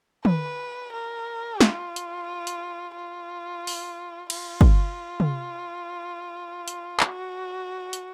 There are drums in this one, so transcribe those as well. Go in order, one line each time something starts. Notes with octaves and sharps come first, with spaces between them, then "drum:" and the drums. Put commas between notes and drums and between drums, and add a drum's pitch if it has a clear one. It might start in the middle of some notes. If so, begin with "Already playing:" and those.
B4, drum: tom
A#4
F4, drum: snare
drum: hi-hat
drum: hi-hat
F4
drum: open hi-hat
F4, drum: cymbal
drum: kick
drum: tom
drum: hi-hat
F#4, drum: clap
drum: hi-hat